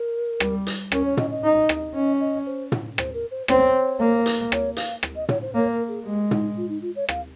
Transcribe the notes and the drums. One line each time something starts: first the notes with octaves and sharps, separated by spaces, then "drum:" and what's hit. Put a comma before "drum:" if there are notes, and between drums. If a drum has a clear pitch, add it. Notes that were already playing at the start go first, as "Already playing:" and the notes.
Already playing: A#4
G3, drum: rim click
drum: hi-hat
C#4 A#4, drum: rim click
C#5
D#5, drum: tom
D#5
D#4
drum: rim click
C#4 D#5
D#5
C5
drum: tom
C5, drum: rim click
A#4
C5
C4 C#5, drum: rim click
A#3
drum: hi-hat
C#5, drum: rim click
F5, drum: hi-hat
drum: rim click
D#5
C#5, drum: tom
C5
A#3 C#5
A#4
G#4
G#3 G4
D#4, drum: tom
F4
D#4
F4
C#5
F5, drum: rim click